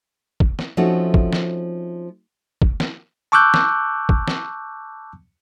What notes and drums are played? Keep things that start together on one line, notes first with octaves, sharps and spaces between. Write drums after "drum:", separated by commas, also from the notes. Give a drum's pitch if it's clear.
drum: kick
drum: snare
F3 A3 C4 C#4 D#4 F#4
drum: kick
drum: snare
drum: kick
drum: snare
A5 C#6 D6 E6 F#6 G6
drum: snare
drum: kick
drum: snare